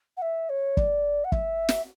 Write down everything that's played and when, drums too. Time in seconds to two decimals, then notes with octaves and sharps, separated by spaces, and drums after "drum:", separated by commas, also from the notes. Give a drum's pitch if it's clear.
0.17 F#5
0.22 E5
0.49 C#5
0.77 D5, drum: kick
1.24 F#5
1.32 E5, drum: kick
1.69 drum: snare